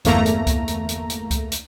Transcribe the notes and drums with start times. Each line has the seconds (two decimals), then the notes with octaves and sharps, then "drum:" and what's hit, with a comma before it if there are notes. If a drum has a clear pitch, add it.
0.05 G1 E2 A3 A#3 A#5, drum: hi-hat
0.26 drum: hi-hat
0.47 drum: kick C#2, hi-hat
0.68 drum: hi-hat
0.89 drum: hi-hat
1.10 drum: hi-hat
1.31 drum: kick C#2, hi-hat
1.52 drum: hi-hat